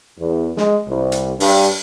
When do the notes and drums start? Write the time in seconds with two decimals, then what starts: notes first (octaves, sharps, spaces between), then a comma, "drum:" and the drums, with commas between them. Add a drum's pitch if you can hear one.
0.19 E2
0.57 G#3, drum: snare
0.88 C2
1.12 drum: hi-hat
1.40 G2, drum: open hi-hat